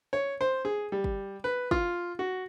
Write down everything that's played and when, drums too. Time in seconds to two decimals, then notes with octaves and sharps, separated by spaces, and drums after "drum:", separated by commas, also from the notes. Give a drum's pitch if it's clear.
0.13 C#5
0.41 C5
0.65 G#4
0.92 G3
1.04 drum: kick
1.44 B4
1.71 F4, drum: kick
2.19 F#4